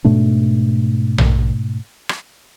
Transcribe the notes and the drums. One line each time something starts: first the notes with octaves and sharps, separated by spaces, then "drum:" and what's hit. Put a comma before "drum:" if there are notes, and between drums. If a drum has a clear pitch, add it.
G#2 B2 A3 D4
drum: tom A#1
drum: rim click